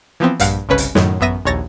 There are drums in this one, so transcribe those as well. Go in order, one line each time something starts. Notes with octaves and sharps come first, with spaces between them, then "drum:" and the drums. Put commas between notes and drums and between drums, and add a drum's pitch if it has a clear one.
E3 F3 B3 C4
A#1 G2 F5 F#5, drum: hi-hat
G1 C2 C#3 C#4 B4
drum: hi-hat
F#2 A2 D#3 F#3, drum: snare
A1 F#2 B3 E5 A#6 D#7
A#1 D#2 C#5 A6 A#6